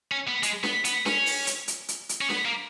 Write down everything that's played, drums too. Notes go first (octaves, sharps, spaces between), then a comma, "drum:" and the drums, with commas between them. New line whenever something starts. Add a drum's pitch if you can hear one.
C#4
B3
G#3, drum: hi-hat
B3, drum: snare
B3, drum: hi-hat
C#4, drum: snare
drum: open hi-hat
drum: hi-hat
drum: hi-hat
drum: hi-hat
drum: hi-hat
C#4
B3, drum: snare
A#3